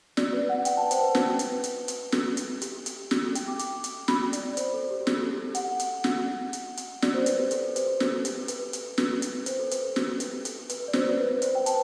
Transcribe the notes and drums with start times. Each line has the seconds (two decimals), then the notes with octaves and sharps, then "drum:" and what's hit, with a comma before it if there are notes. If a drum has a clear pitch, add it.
0.17 D5, drum: snare
0.33 B4
0.49 F#5
0.65 G5, drum: hi-hat
0.77 A5
0.91 C5, drum: hi-hat
1.03 B4
1.15 drum: snare
1.39 drum: hi-hat
1.64 drum: hi-hat
1.88 drum: hi-hat
2.12 A4, drum: snare
2.37 drum: hi-hat
2.62 G4, drum: hi-hat
2.86 drum: hi-hat
3.11 G4, drum: snare
3.23 A4
3.35 G5, drum: hi-hat
3.48 D6
3.59 D6, drum: hi-hat
3.84 drum: hi-hat
4.08 B5, drum: snare
4.33 D5, drum: hi-hat
4.57 C5, drum: hi-hat
4.73 A4
4.90 G4
5.07 G4, drum: snare
5.16 A4
5.22 G4
5.38 A4
5.55 F#5, drum: hi-hat
5.80 drum: hi-hat
6.04 drum: snare
6.53 drum: hi-hat
6.77 drum: hi-hat
7.02 D5, drum: snare
7.14 C5
7.26 B4, drum: hi-hat
7.39 G4
7.51 A4, drum: hi-hat
7.63 A4
7.76 C5, drum: hi-hat
7.87 G4
8.00 A4, drum: snare
8.13 A4
8.25 G4, drum: hi-hat
8.37 A4
8.48 B4, drum: hi-hat
8.73 drum: hi-hat
8.98 drum: snare
9.22 drum: hi-hat
9.46 C5, drum: hi-hat
9.59 A4
9.71 B4, drum: hi-hat
9.83 A4
9.96 G4, drum: snare
10.20 drum: hi-hat
10.45 A4, drum: hi-hat
10.69 B4, drum: hi-hat
10.88 D5
10.93 C5, drum: snare
11.10 B4
11.26 B4
11.42 C5, drum: hi-hat
11.55 G5
11.66 A5, drum: hi-hat